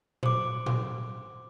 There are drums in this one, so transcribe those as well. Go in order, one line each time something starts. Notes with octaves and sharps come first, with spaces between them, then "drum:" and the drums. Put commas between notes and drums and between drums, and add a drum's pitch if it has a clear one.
C5 D6, drum: tom A#2
drum: tom A#2